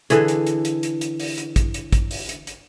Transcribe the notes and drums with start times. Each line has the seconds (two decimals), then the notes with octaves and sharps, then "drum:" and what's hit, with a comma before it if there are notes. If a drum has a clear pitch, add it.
0.10 D3 E3 G#4, drum: hi-hat
0.28 drum: hi-hat
0.47 drum: hi-hat
0.65 drum: hi-hat
0.83 drum: hi-hat
1.01 drum: hi-hat
1.20 drum: open hi-hat
1.38 drum: hi-hat
1.56 drum: kick, hi-hat
1.74 drum: hi-hat
1.93 drum: kick, hi-hat
2.11 drum: open hi-hat
2.29 drum: hi-hat
2.47 drum: hi-hat